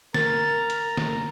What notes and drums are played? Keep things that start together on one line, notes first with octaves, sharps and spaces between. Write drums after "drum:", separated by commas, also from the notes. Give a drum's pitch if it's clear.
A#4 A#5 A6, drum: snare
drum: hi-hat
drum: snare